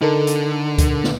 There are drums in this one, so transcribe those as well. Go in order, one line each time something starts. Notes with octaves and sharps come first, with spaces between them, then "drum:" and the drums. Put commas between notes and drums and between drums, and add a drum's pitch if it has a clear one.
D3 D#4 A4 A#4
drum: hi-hat
drum: kick C#2, hi-hat
drum: snare